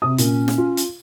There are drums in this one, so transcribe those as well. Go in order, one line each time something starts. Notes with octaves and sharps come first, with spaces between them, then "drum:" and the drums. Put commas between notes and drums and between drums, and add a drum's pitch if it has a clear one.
C3 D#6
A#2 C#4, drum: hi-hat
drum: snare
F4
drum: hi-hat